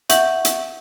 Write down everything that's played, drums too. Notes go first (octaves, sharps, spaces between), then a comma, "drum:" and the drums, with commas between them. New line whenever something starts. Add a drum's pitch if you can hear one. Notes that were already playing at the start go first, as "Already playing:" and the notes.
E5 F#5 C#6 G6 F#7, drum: hi-hat
drum: hi-hat